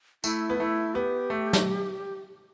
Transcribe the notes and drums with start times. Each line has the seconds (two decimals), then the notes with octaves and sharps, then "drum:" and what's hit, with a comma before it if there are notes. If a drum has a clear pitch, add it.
0.24 A3 E4, drum: tambourine
0.50 B3
0.59 A3 E4
0.94 B3 G4
1.30 A3
1.53 drum: snare